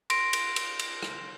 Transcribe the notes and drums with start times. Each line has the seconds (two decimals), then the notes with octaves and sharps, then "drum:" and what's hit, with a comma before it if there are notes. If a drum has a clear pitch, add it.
0.10 C6 A#6 D7, drum: cymbal
0.33 drum: cymbal
0.56 drum: cymbal
0.79 drum: cymbal
1.03 drum: rim click